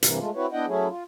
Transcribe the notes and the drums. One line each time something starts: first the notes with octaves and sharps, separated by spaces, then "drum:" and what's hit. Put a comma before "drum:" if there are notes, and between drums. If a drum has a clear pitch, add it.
G2 C3 E3 A#3, drum: hi-hat
G#3 A3 F4
C4 E4 F#4 B4 C#5
B3 D4 E4 D#5 F#5 G5
F#3 A3 C#4 E4 G#4
F4